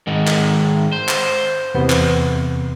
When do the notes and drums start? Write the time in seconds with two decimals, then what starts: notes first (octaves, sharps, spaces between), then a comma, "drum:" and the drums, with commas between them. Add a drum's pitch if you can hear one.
0.07 G#2 D#3
0.27 drum: clap
0.92 C5
1.09 drum: clap
1.74 E2 C3 B3
1.90 drum: clap